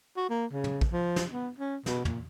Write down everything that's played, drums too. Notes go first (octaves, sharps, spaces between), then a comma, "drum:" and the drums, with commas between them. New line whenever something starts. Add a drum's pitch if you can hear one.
F#4
A#3
C#3
drum: tom
drum: kick A1
F3
drum: snare
B3
C#4
B2, drum: snare
A#2, drum: tom